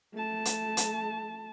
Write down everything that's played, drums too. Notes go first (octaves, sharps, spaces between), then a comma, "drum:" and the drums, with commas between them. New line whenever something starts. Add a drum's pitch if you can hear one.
A3 A5
drum: hi-hat
drum: hi-hat